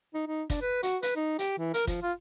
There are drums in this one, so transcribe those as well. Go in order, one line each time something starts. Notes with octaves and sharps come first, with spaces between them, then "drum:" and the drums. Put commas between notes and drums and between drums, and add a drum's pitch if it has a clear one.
D#4
D#4
D4, drum: kick, hi-hat
B4
F#4, drum: hi-hat
B4, drum: hi-hat
D#4
G4, drum: hi-hat
E3
A#4, drum: hi-hat
F3, drum: kick, hi-hat
F4